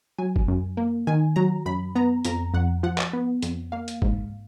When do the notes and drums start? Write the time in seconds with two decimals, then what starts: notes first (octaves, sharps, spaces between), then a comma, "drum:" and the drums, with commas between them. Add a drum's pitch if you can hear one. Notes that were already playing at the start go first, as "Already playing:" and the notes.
0.18 F#3 G#5
0.36 drum: kick
0.48 F#2
0.77 A#3
1.07 D#3 G#5
1.36 F#3 A#5
1.66 F#2 B5
1.95 B3 A#5
2.25 F2 A#5, drum: hi-hat
2.54 F2 F#5
2.83 F3 F#5
2.98 drum: clap
3.13 B3
3.42 F2, drum: hi-hat
3.72 A#3 F5
3.88 drum: hi-hat
4.02 G#2, drum: kick